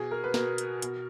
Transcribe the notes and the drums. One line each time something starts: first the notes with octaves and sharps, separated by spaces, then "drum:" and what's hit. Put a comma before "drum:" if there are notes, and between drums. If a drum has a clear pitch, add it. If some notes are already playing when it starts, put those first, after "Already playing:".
Already playing: B2 G#4
A#4
B4
B2 A#4, drum: snare
drum: hi-hat
B2, drum: hi-hat